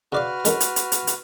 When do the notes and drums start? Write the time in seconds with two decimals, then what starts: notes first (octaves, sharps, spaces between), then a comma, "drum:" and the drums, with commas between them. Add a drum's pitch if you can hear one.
0.12 C#3 F#4 B4 D5 F5 F6
0.45 G#3 C#4 A#4, drum: hi-hat
0.60 drum: hi-hat
0.76 drum: hi-hat
0.92 drum: hi-hat
1.07 drum: hi-hat